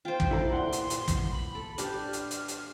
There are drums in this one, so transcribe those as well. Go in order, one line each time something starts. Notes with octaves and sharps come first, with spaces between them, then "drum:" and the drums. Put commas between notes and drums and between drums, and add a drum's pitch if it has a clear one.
F4 C5 G5
drum: kick
E4 A4 D5 A#5
A#2 F#5 C6
drum: hi-hat
drum: hi-hat
drum: kick, hi-hat
B5
A4
D4 G4 F6, drum: hi-hat
drum: hi-hat
drum: hi-hat
drum: hi-hat